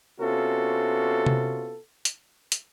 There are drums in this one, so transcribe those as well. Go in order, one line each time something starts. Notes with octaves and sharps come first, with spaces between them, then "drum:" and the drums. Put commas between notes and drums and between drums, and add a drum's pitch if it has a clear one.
C3 B3 C#4 F4 F#4 A4
drum: tom C3
drum: hi-hat
drum: hi-hat